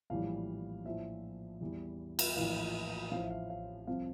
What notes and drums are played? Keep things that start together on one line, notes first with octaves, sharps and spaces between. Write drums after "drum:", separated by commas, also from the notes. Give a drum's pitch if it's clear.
A#1 A2 E3 G3 F5
A#1 A2 F3 E5
E2 E3 G3
drum: cymbal
A#1 A2 E3 F5
A1 A2 F3 F5
E5
F5
F5
C2 C3 F3 F5